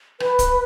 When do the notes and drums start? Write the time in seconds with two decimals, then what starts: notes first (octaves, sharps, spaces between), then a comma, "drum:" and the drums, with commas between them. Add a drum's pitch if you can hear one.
0.20 B4, drum: rim click
0.39 drum: kick, hi-hat